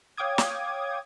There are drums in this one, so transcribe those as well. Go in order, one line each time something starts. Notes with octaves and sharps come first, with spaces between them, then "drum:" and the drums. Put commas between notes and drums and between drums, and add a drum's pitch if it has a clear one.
C#5 F5 G5 D6 D#6 G#6
drum: snare